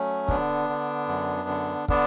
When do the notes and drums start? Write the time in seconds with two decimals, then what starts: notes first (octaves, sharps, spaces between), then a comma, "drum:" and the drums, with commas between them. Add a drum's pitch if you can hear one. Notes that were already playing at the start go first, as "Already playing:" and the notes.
Already playing: F#3 A3 C#4
0.28 D3 B3 D4, drum: kick
0.69 D3
1.08 F#2
1.49 D3
1.88 D3 B3 D4, drum: kick